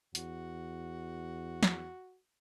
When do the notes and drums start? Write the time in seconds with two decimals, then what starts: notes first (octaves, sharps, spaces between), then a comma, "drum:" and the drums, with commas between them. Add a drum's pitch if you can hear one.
0.15 E2 F#4, drum: hi-hat
1.63 drum: snare